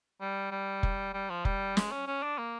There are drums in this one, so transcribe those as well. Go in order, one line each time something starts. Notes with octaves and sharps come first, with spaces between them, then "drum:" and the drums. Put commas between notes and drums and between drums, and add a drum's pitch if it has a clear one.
G3
G3
drum: kick F1
G3
F3
G3, drum: kick F1
G#3, drum: snare
C#4
C#4
D4
A#3